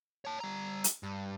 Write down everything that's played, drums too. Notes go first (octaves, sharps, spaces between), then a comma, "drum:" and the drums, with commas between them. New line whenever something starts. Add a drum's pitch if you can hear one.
C#5 A5
G3 A#5
drum: hi-hat
G2